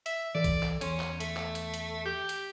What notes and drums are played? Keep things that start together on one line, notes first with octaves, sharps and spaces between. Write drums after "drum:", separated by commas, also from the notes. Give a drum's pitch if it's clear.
E5, drum: hi-hat
E3 A4 D5
drum: kick, hi-hat
drum: clap
E2 C#4 C6, drum: hi-hat
drum: clap
A3, drum: hi-hat
drum: clap
drum: hi-hat
drum: hi-hat
G4
drum: hi-hat